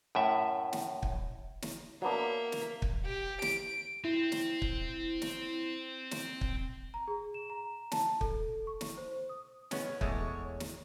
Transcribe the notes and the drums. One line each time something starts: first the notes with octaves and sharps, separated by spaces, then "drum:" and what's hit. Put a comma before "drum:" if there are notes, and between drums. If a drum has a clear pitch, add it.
F#2 A2 E5
drum: snare
drum: kick
drum: snare
F#3 A#3 B3 D4 E5
drum: snare
drum: kick
G4
D7, drum: snare
C4 E4
drum: snare
drum: kick
drum: snare
drum: snare
drum: kick
A#5
G#4
E7
A#5
A5, drum: snare
A4, drum: kick
C#6
drum: snare
C5
D#6
G#3 B3 C#4 C#5, drum: snare
E2 G#3 A3, drum: kick
drum: snare